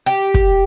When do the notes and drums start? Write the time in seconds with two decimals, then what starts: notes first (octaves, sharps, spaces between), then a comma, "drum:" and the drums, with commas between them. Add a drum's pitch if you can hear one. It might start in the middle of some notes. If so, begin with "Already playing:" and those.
0.06 G4, drum: hi-hat
0.34 drum: kick